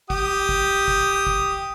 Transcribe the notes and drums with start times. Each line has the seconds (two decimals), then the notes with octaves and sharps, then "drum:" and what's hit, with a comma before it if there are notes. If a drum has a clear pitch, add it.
0.10 G4 G5 D#6, drum: kick
0.49 drum: kick
0.88 drum: kick
1.27 drum: kick